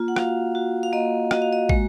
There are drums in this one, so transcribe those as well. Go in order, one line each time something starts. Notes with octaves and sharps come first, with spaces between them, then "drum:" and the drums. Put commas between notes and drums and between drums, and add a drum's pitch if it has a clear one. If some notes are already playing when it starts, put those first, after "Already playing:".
Already playing: A#3 F4
F#5
F#4 F5, drum: rim click
F#4
F5
A#3 D#5
F#4 D#5, drum: rim click
F5
D#5
G#3, drum: kick